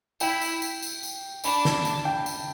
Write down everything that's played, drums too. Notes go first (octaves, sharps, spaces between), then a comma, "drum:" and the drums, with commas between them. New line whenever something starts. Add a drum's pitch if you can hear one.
E4 G5, drum: tambourine
drum: tambourine
drum: tambourine
drum: tambourine
drum: tambourine
D4 B5, drum: tambourine
B5, drum: snare
A5, drum: tambourine
G5
drum: tambourine